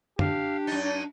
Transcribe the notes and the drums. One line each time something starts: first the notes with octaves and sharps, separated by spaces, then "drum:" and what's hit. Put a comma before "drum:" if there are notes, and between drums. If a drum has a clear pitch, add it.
D4 G4 F5, drum: tom F#2
F#2 D#4 A6